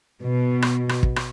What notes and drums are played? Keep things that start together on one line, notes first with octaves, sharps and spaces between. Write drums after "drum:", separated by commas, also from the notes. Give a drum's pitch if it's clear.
B2
drum: rim click
drum: rim click
drum: kick
drum: rim click